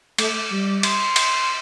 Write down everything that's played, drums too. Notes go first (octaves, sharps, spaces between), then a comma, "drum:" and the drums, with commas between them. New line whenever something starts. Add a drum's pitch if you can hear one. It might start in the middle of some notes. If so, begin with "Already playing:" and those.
A3 D6, drum: cymbal
G3
C6, drum: cymbal
drum: cymbal